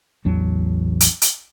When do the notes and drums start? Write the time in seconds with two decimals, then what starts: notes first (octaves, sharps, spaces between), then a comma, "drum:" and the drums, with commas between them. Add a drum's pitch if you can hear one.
0.25 A1 E2 F#3 D4
1.00 drum: hi-hat
1.22 drum: hi-hat